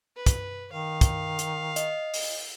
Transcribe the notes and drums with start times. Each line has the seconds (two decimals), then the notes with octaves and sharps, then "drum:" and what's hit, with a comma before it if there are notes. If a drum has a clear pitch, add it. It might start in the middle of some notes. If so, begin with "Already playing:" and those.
0.16 B4
0.26 drum: kick, hi-hat
0.72 D#3 F5
1.01 drum: kick, hi-hat
1.39 drum: hi-hat
1.76 D#5, drum: hi-hat
2.14 drum: open hi-hat